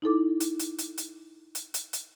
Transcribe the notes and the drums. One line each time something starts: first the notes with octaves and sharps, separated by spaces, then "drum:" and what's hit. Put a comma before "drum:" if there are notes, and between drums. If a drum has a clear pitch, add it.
D#4 E4 A4 D6
drum: hi-hat
drum: hi-hat
drum: hi-hat
drum: hi-hat
drum: hi-hat
drum: hi-hat
drum: hi-hat